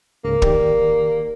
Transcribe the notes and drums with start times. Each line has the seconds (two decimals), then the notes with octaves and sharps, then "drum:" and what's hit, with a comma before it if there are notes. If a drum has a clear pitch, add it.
0.25 C#2 G#2 C#3 A#3
0.42 D#3 G4 D5, drum: kick